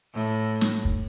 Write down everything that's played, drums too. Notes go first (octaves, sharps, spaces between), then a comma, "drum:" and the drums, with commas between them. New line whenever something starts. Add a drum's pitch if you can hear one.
A2
drum: snare
drum: kick